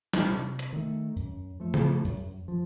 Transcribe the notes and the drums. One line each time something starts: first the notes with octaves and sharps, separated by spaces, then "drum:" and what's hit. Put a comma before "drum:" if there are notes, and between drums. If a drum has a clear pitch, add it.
drum: snare
C3
drum: hi-hat
D#3 A3
F#2
F3 A3
drum: tom C#3
F#2
F3